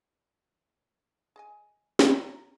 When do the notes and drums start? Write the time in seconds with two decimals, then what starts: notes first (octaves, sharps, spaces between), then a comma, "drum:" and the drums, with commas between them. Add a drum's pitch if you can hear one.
1.36 G#4 D#5 G#5
1.99 A#5, drum: snare